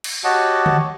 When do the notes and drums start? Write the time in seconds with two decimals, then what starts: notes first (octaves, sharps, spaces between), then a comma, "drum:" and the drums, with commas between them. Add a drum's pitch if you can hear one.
0.04 drum: cymbal
0.24 F#4 G4 C#5 D#5 F#5 A5
0.66 drum: tom D3